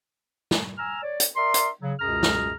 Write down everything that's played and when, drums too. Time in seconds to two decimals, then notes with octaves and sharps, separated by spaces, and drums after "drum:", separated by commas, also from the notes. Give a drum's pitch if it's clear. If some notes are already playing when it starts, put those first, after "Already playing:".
0.51 drum: snare
0.78 G#5 A#5 E6 F6
1.03 C#5 D5
1.20 drum: hi-hat
1.36 A#4 D5 E5 C6
1.54 drum: hi-hat
1.82 C#3 F#3
2.00 C#2 F#2 B2 G#4 A#5 F6
2.23 drum: snare